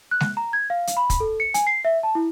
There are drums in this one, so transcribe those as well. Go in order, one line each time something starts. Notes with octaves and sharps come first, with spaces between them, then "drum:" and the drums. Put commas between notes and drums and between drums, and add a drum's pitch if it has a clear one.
F#6
drum: snare
A#5
G#6
F5
drum: hi-hat
B5
drum: kick, hi-hat
A4
C#7
G#5, drum: hi-hat
C7
E5
A5
E4